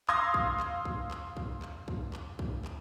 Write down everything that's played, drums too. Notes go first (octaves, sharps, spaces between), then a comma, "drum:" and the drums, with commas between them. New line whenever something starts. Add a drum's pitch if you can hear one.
F5 C6 D#6 E6 G#6 A#6, drum: clap
drum: kick
drum: clap
drum: kick
drum: clap
drum: kick
drum: clap
drum: kick
drum: clap
drum: kick
drum: clap